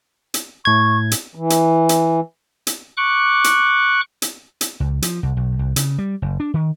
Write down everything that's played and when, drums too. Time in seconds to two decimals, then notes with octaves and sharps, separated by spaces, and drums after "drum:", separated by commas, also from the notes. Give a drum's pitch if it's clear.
0.34 drum: hi-hat
0.65 A2 C#6 G#6
1.11 drum: hi-hat
1.35 E3
1.50 drum: hi-hat
1.89 drum: hi-hat
2.67 drum: hi-hat
2.97 C#6 D6 F#6
3.44 drum: hi-hat
4.22 drum: hi-hat
4.61 drum: hi-hat
4.80 C#2
5.02 F3, drum: hi-hat
5.23 C2
5.37 B1
5.59 C2
5.76 C#3, drum: hi-hat
5.98 G3
6.22 F#1
6.40 D4
6.54 D#3